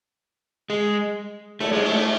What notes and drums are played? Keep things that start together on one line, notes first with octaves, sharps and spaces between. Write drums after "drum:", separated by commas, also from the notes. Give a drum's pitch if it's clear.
G#3
A3, drum: cymbal
G#3
A3